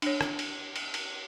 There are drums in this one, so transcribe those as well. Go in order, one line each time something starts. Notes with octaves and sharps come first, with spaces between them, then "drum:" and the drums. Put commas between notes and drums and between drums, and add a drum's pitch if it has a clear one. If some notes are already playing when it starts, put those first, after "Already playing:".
D4 C#5, drum: cymbal
drum: rim click
drum: cymbal
drum: cymbal
drum: cymbal